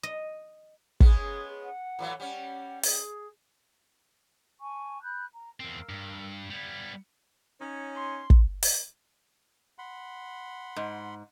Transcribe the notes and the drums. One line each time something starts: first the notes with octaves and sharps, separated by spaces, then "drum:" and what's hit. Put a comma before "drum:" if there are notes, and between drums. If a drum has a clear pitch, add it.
D#5
G#3 B3 C#4 G#4, drum: kick
F#5
A2 E3 F#3
G3 C#4 F#5
G#4, drum: open hi-hat
G#5 A5 C#6
B5 F#6 G6
A#5
E2 C4 A#4 F5 E6
G2
G3 B3 F5 G#6
C#4 D#4 C#5
C6
drum: kick
drum: open hi-hat
F#5 B5 C6
G#2